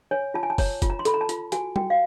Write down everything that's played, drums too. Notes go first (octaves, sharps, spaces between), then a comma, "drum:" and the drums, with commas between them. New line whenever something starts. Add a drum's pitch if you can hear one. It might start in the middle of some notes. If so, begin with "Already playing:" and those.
C#5 G#5
F4 A5
G#5
A5
C#5 A#5, drum: kick F#1, open hi-hat
F4, drum: kick F#1, hi-hat
A#5
C6
A4 B5, drum: hi-hat
A#5
A5
F4, drum: hi-hat
F#4 G#5, drum: hi-hat
F#4 G5, drum: tom G3
F5